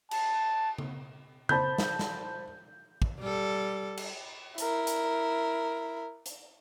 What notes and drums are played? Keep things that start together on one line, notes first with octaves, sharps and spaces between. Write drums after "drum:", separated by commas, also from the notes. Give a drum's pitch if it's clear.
A5, drum: cymbal
drum: tom C#3
C5 A5 B5 G6, drum: tom C#3
drum: snare
drum: snare
drum: kick
G3 A4
drum: cymbal
E4 A#4, drum: hi-hat
drum: hi-hat
drum: hi-hat